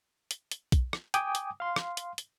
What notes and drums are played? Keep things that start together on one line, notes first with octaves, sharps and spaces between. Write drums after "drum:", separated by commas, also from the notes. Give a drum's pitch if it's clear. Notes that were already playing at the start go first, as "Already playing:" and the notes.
drum: hi-hat
drum: hi-hat
drum: kick, hi-hat
drum: rim click
G5 G#5 D6 D#6, drum: hi-hat
drum: hi-hat
F5 C6
drum: rim click
drum: hi-hat
drum: hi-hat